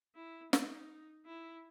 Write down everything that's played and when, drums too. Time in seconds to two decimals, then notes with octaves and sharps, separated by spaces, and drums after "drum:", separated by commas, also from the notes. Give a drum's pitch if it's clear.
0.16 E4
0.53 D#4, drum: snare
1.26 E4